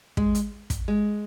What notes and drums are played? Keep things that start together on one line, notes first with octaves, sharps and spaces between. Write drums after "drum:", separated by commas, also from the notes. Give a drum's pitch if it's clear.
G#3, drum: kick
drum: hi-hat
drum: kick, hi-hat
G#3